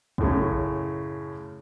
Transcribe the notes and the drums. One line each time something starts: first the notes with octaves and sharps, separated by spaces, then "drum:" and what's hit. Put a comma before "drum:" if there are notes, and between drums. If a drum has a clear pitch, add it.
F#2 A2 C#3, drum: kick